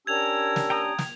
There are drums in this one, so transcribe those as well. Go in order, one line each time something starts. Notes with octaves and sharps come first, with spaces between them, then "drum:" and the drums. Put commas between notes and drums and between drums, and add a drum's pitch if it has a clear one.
C#4 D4 G4 A#4 E6 G#6 F7
drum: snare
G5 A#5 D#6
drum: snare